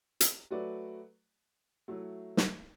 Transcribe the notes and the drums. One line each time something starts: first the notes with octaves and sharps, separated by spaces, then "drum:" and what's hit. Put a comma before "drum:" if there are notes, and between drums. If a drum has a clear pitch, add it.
drum: hi-hat
F#3 A3 F#4 B4 D5
F#3 A3 E4
drum: snare